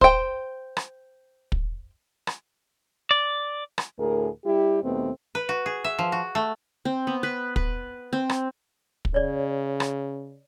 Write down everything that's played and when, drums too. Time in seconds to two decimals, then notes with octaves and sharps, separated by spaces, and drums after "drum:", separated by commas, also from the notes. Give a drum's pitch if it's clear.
0.01 C5 G5, drum: kick
0.77 drum: rim click
1.52 drum: kick
2.27 drum: rim click
3.11 D5
3.78 drum: rim click
3.98 D2 A2 G#4 A#4
4.45 G3 E4 G4
4.83 D#2 B2 A3 B3 C4
5.35 B4
5.49 F#4
5.66 G#4
5.84 E5
5.99 F3
6.12 F#4
6.35 A3
6.85 C4
7.07 B3
7.23 B4
7.56 B4, drum: kick
8.13 C4
8.29 drum: rim click
9.05 drum: kick
9.14 C#3 C#5 D5
9.80 drum: rim click